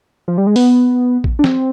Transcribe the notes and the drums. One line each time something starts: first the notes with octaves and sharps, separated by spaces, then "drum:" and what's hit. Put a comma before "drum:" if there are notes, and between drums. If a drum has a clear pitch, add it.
F3
G3
G#3
B3, drum: open hi-hat
drum: kick
D4
C4, drum: snare